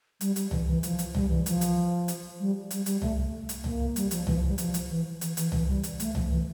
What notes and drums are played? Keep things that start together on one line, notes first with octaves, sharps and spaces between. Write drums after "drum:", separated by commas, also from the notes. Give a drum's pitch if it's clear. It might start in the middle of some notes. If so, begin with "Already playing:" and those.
G3, drum: hi-hat
G3, drum: hi-hat
E3, drum: tom C2
E3
F3, drum: hi-hat
drum: hi-hat
G3, drum: tom C2
E3
F3, drum: hi-hat
drum: hi-hat
drum: hi-hat
G3
G3, drum: hi-hat
G3, drum: hi-hat
A3, drum: tom C2
drum: hi-hat
A#3, drum: tom C2
G3, drum: hi-hat
F3, drum: hi-hat
E3, drum: tom C2
F3
G3
F3, drum: hi-hat
drum: hi-hat
E3
E3, drum: hi-hat
E3, drum: hi-hat
E3, drum: tom C2
G3
drum: hi-hat
A3, drum: hi-hat
F3, drum: tom C2
E3